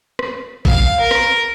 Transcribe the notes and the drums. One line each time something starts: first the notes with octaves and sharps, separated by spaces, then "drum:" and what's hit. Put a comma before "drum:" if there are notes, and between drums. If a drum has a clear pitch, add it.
drum: rim click
F5, drum: kick A1
A#4
drum: rim click